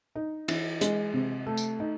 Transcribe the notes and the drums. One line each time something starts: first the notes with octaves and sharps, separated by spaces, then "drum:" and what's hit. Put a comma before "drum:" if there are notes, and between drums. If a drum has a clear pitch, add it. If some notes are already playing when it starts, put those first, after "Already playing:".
D#4
E3, drum: cymbal
G#3, drum: hi-hat
C3
A3
drum: tambourine
D#4